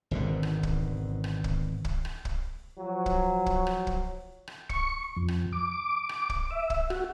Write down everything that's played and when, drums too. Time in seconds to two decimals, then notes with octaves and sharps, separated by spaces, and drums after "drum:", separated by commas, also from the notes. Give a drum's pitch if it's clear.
0.11 G#1 B2 D3 D#3
0.43 drum: rim click
0.63 drum: kick
1.24 drum: rim click
1.44 drum: kick
1.85 drum: kick
2.05 drum: rim click
2.25 drum: kick
2.78 F3 F#3
3.06 drum: kick
3.46 drum: kick
3.67 drum: rim click
3.87 drum: kick
4.47 drum: rim click
4.69 C#6, drum: kick
5.16 F2
5.28 drum: rim click
5.53 D6
6.09 drum: rim click
6.29 drum: kick
6.51 E5
6.70 drum: kick
6.90 F#4, drum: rim click